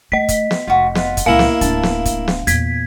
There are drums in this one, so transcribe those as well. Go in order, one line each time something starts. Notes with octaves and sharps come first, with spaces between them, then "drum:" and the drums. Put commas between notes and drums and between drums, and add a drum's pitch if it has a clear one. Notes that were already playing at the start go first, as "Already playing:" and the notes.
A3 D#5 B6
drum: kick, hi-hat
drum: snare
F1 F4 F#4
F4 F#5, drum: snare
drum: kick, hi-hat
C#2 A#2 A#3 E4 A#4 F5
drum: snare
D1 D4 A5, drum: hi-hat
drum: snare
drum: kick, hi-hat
drum: snare
E2 A#2 G#6 B6, drum: hi-hat